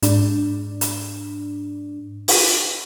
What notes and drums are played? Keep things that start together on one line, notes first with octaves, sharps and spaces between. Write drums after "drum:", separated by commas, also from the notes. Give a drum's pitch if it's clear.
G#2 D4, drum: hi-hat
drum: hi-hat
drum: open hi-hat